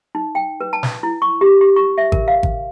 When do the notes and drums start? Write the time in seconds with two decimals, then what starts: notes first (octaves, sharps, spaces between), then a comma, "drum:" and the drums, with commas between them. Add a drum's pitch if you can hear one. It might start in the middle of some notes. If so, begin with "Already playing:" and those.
0.15 D#4
0.35 G5
0.61 B4
0.73 A5
0.83 drum: snare
1.03 E4
1.22 C#6
1.41 G4
1.61 G4
1.76 C#6
1.98 E5
2.12 A#4, drum: kick G#1
2.28 F5
2.43 drum: kick G#1